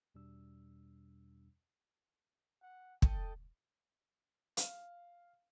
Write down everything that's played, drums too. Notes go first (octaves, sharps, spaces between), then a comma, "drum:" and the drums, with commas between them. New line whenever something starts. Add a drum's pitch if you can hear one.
E2 B2 G3 D4 E6
F#5
A4 D#5 G5, drum: kick
F5, drum: hi-hat